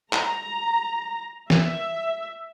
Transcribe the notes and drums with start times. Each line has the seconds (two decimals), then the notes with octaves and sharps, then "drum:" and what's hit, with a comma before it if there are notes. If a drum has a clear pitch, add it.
0.13 A#5, drum: clap
1.50 E5, drum: snare E3